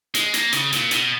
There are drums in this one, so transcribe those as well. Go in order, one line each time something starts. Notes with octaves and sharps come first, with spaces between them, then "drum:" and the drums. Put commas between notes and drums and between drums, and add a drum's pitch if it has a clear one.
G#3, drum: hi-hat
A#3, drum: hi-hat
C#3, drum: hi-hat
A#2, drum: hi-hat
B2, drum: hi-hat